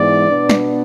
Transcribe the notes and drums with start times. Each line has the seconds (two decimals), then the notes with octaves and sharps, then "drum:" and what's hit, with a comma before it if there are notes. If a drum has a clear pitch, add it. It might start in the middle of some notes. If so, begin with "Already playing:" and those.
Already playing: G#2 E3 B3 D5
0.27 B2 B3 D4
0.49 drum: snare